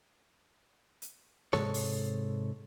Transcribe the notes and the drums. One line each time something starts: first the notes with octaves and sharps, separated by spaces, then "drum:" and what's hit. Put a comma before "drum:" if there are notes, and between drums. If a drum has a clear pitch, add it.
drum: hi-hat
G#2 C3 G#4 A4 C#5, drum: snare G#3
drum: open hi-hat